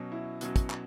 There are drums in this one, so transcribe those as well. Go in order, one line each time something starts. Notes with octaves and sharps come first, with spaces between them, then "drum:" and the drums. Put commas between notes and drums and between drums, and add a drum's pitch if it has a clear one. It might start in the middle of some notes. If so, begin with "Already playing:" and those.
Already playing: B2 F#3 C#4
E4
B2 F#3 C#4, drum: hi-hat
drum: kick, hi-hat
drum: clap